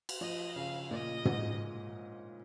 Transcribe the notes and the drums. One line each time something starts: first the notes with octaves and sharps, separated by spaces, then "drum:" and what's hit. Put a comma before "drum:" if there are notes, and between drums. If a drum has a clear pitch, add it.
drum: cymbal
F3 D#5
C#3 F5
A#2 D#5
G#2, drum: tom